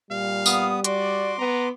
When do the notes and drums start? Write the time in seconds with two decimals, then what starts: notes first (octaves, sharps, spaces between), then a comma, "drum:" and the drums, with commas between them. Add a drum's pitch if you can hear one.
0.11 A#2 G3 F5
0.46 B3 D#6, drum: tambourine
0.84 F#4 D5 C6 D6, drum: hi-hat
1.39 B3 A#5